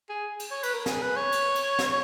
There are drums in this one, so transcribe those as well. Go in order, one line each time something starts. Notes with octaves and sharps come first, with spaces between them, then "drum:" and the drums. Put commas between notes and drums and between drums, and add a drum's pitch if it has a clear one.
G#4
drum: cymbal
C#5
B4, drum: cymbal
A#4
G#4, drum: snare
B4
C#5
drum: cymbal
drum: cymbal
drum: snare